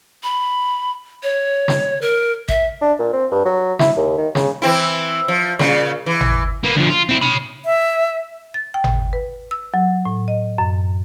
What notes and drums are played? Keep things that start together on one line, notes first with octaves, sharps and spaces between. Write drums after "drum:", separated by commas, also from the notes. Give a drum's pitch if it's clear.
B5
C#5
drum: snare
A#4
E5, drum: kick A1
D4
A#2
C4
G2
F#3
E4, drum: snare
D#2
D#3
C#3, drum: snare
E3 C4 E4
F3
A#2 C#3, drum: snare
E3
drum: tom G#1
A#3 B3
D2 F3
F4
C4 E4
C#5 B5
E5
A6
G5
drum: tom G#1
B4
E6
F#3
A2
D#5
F#2